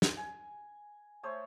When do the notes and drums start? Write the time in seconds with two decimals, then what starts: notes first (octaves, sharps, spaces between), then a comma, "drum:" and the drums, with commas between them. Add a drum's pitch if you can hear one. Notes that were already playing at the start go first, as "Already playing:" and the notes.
0.02 drum: snare
0.17 G#5
1.23 A3 C5 C#5 D#6